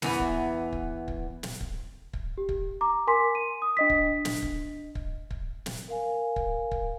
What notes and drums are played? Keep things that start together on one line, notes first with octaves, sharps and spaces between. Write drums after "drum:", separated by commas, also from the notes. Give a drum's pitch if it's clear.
E2 E3 B3, drum: snare
drum: kick
drum: kick
drum: kick
drum: snare
drum: kick
drum: kick
G4
drum: kick
A#5 D6
A#4 G#5 C6 D6 B6
D#7
D#6
D4 D#5 B6
drum: kick
drum: snare
drum: kick
drum: kick
drum: kick
drum: snare
A#4 F5 G#5
drum: kick
drum: kick